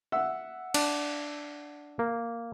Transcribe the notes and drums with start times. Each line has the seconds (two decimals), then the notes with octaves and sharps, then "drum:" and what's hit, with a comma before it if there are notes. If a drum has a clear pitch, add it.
0.12 E5 F#5 E6
0.74 D4, drum: cymbal
1.99 A#3